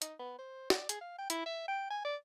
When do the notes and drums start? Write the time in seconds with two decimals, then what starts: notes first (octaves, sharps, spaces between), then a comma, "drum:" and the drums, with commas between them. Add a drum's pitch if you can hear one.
0.02 D#4, drum: hi-hat
0.19 B3
0.39 C5
0.70 D5, drum: snare
0.89 G#4, drum: hi-hat
1.01 F5
1.18 G5
1.30 E4, drum: hi-hat
1.46 E5
1.68 G5
1.90 G#5
2.04 D5